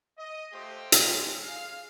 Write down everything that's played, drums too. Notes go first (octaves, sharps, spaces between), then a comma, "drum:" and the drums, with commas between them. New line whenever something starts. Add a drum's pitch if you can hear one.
D#5
A3 F4 G4 C5
drum: hi-hat
G3 G#3
G#4 F5